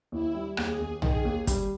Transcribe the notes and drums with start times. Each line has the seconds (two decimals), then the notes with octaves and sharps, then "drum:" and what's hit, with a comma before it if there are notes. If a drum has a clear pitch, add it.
0.12 D#2 E4
0.35 G3
0.57 D#2 G#4, drum: rim click
0.80 D#2
1.02 D#3 G#4, drum: tom
1.25 D#2
1.47 G3, drum: kick, hi-hat